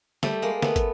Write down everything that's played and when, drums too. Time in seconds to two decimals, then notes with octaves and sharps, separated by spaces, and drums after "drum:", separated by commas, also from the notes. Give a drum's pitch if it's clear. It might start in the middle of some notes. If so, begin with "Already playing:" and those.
0.23 G3 A3, drum: snare
0.42 G#3 A#3
0.62 A3 B3, drum: snare
0.76 drum: kick, hi-hat